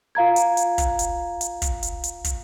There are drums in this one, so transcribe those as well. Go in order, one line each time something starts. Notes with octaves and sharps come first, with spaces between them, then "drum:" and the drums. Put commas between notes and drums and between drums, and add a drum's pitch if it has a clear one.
F4 F5 A#5 G#6
drum: hi-hat
drum: hi-hat
drum: kick, hi-hat
drum: hi-hat
drum: hi-hat
drum: kick, hi-hat
drum: hi-hat
drum: hi-hat
drum: kick, hi-hat